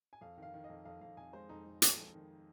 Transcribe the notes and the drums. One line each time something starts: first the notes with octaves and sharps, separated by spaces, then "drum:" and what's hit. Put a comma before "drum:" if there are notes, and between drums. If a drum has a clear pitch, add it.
G#5
F2 F5
D#3 F5
D#3
D#5
F2
F2 F5
F2 F5
F2 G#5
G#3 C5
F2 D#4
F2
F2, drum: hi-hat
F2
D#3